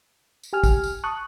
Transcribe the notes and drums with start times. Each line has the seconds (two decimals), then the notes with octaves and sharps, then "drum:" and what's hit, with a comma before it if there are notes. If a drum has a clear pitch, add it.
0.44 drum: tambourine
0.53 G4 G#5 F6
0.64 drum: kick, tambourine
0.84 drum: tambourine
1.04 A5 C#6 D#6 F#6